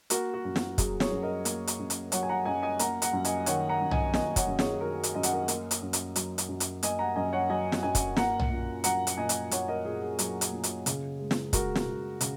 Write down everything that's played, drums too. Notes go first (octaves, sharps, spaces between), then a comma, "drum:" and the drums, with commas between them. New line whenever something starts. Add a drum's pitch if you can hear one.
A#3 F#4 A#4, drum: hi-hat
F#4
F#2
F#4, drum: snare
F#3 G#4, drum: kick, hi-hat
G#4 C#5, drum: snare
F#2
A#4 D#5
A#3, drum: hi-hat
drum: hi-hat
F#2
drum: hi-hat
F#3 C#5 F#5, drum: hi-hat
G#5
F#5 A#5
F#2 D#5 G#5
D#5 G#5
A#3 F#5 A#5, drum: hi-hat
F#5 A#5, drum: hi-hat
F#2
D#5 G#5, drum: hi-hat
D#3 C#5 F#5, drum: hi-hat
F#5 A#5
F#2
D#5 G#5, drum: tom
A#3 D#5 G#5, drum: snare
C#5 F#5, drum: kick, hi-hat
F#2
G#4 C#5, drum: snare
D#3 F#4 A#4
drum: hi-hat
F#2 D#5
F#5, drum: hi-hat
A#4 D#5
A#3, drum: hi-hat
drum: hi-hat
F#2
drum: hi-hat
F#3, drum: hi-hat
drum: hi-hat
F#2
drum: hi-hat
A#3 D#5 G#5, drum: hi-hat
F#5 A#5
F#2 D#5 G#5
C#5 F#5
F#3 D#5 G#5
drum: snare
F#2 D#5 G#5
drum: kick, hi-hat
A#3 F#5 A#5, drum: snare
drum: tom
A#2
F#3 F#5 A#5, drum: hi-hat
drum: hi-hat
A#2 D#5 G#5
drum: hi-hat
A#3 C#5 F#5, drum: hi-hat
A#4 D#5
A#2 G#4
G#4
F#3, drum: hi-hat
drum: hi-hat
A#2
drum: hi-hat
C#3, drum: hi-hat
G#3
drum: snare
G#3 F#4 A#4, drum: kick, hi-hat
drum: snare
C#3
C#3, drum: hi-hat